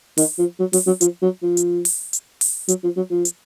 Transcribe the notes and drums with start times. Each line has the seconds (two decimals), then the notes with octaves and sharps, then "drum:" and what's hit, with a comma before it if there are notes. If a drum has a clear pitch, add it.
0.17 D#3, drum: open hi-hat
0.38 F3
0.59 F#3
0.73 F#3, drum: open hi-hat
0.87 F#3
1.01 F3, drum: hi-hat
1.22 F#3
1.43 F3
1.57 drum: hi-hat
1.85 drum: open hi-hat
2.13 drum: hi-hat
2.41 drum: open hi-hat
2.68 F#3, drum: hi-hat
2.84 F3
2.97 F#3
3.11 F3
3.25 drum: hi-hat